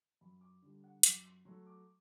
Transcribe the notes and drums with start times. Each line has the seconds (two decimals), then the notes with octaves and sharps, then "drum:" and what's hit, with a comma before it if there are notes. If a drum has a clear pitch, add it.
0.21 F#2 B5
0.41 D6
0.62 D3 G3
0.84 F#5
1.03 F#2 D6, drum: hi-hat
1.25 C6
1.45 F#3 A3 C6
1.66 D6